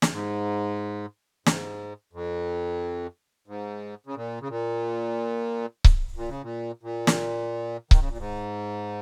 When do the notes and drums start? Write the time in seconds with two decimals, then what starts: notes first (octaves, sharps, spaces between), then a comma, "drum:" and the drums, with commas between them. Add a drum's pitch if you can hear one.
0.02 drum: snare
0.12 G#2
1.46 G#2, drum: snare
2.13 F2
3.48 G#2
4.06 C#3
4.15 A#2
4.41 C#3
4.49 A#2
5.84 drum: kick C#1
6.17 A#2
6.29 C#3
6.43 A#2
6.83 A#2
7.07 drum: snare
7.91 D#3, drum: kick C#1
8.00 C#3
8.09 A#2
8.18 G#2